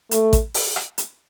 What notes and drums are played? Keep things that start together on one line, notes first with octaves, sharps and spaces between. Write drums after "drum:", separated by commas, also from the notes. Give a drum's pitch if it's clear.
A3, drum: hi-hat
drum: kick A1, hi-hat
drum: open hi-hat
drum: rim click
drum: hi-hat